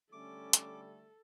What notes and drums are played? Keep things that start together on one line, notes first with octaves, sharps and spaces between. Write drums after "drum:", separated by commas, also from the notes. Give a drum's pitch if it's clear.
D3 G3 A3 C#4 A4 D6
drum: hi-hat